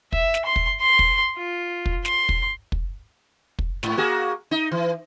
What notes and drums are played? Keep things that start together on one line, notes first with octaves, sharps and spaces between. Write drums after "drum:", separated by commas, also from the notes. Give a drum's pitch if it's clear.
E5, drum: kick
drum: snare
C6
drum: kick
C6
drum: kick
F4
drum: kick
C6, drum: snare
drum: kick
drum: kick
drum: kick
G#2, drum: snare
A#3 F#4 G#4
D#4
E3